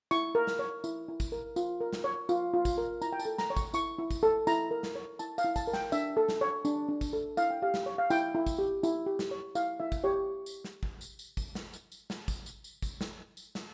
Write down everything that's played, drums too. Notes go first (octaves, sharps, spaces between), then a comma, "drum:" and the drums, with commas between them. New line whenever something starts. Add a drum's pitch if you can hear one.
E4 C#6, drum: tambourine
A#4
drum: snare
C#5
E4, drum: tambourine
E4
drum: kick, tambourine
A#4
F4, drum: tambourine
A#4
drum: snare
C#5
F4, drum: tambourine
F4
drum: kick, tambourine
A#4
E4 A#5, drum: tambourine
G5
A5, drum: tambourine
A4
A#5, drum: snare
C#5
C#6, drum: kick, tambourine
E4 C#6, drum: tambourine
E4
drum: kick, tambourine
A4
E4 A#5, drum: tambourine
A#4
drum: snare
C#5
E4 A5, drum: tambourine
F5, drum: tambourine
E4
A5, drum: kick, tambourine
A#4
G5, drum: snare
D4 E5, drum: tambourine
A4
drum: snare
C#5
D4, drum: tambourine
D4
drum: kick, tambourine
A4
E4 F5, drum: tambourine
G5
G4 F5
drum: snare
C#5
F5
E4 G5, drum: tambourine
E4
drum: kick, tambourine
G4
E4, drum: tambourine
G4
drum: snare
C#5
E4 F5, drum: tambourine
E4 E5
drum: kick, tambourine
G4 C#5
drum: tambourine
drum: snare
drum: kick
drum: tambourine
drum: tambourine
drum: kick, tambourine
drum: snare
drum: tambourine
drum: tambourine
drum: snare
drum: kick, tambourine
drum: tambourine
drum: tambourine
drum: kick, tambourine
drum: snare
drum: tambourine
drum: snare